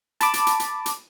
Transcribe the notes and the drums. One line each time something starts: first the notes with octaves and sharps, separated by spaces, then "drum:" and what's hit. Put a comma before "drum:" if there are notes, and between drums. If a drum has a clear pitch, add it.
A5 B5 D6, drum: hi-hat
drum: hi-hat
drum: hi-hat
drum: hi-hat
drum: hi-hat